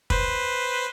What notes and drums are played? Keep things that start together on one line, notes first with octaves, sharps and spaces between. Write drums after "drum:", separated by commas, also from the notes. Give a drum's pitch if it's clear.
B4 C5, drum: kick